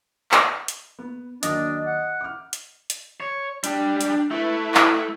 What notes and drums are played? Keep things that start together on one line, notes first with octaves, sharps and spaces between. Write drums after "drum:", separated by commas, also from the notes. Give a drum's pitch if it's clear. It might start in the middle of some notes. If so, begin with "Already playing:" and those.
drum: clap
drum: hi-hat
B3
D#2 D#3 F#3 D4 D#5, drum: hi-hat
F#5
D6 F6
drum: hi-hat
drum: hi-hat
C#5
G3 D4 G4, drum: hi-hat
drum: hi-hat
A3 E4 B4
drum: clap